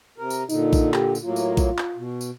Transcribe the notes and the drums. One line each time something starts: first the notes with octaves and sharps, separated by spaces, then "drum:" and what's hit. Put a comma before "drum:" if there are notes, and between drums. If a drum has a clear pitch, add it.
C3 A#4
drum: tambourine
A#2 D3 D#4, drum: tambourine
drum: kick A#1, tambourine
G4, drum: clap
drum: tambourine
A2 F#3 A#3 F4
drum: tambourine
drum: kick A#1, tambourine
drum: clap
B2
drum: tambourine